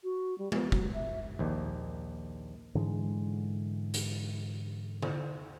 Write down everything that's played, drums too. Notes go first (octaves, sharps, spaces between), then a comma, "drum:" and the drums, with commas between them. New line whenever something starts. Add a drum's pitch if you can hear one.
F#4
G3
B3, drum: tom G#3
F#3, drum: kick
E5
A#1 D#2
G#2 D3 E3 G#3
drum: hi-hat
drum: tom D3